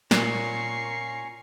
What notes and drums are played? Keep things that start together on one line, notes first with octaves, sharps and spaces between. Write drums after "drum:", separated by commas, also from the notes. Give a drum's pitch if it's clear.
A#2 C#4 A#5 C#6 C7, drum: snare